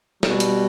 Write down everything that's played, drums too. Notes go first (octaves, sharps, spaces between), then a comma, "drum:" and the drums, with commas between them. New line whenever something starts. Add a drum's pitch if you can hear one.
B2 G3, drum: snare
drum: hi-hat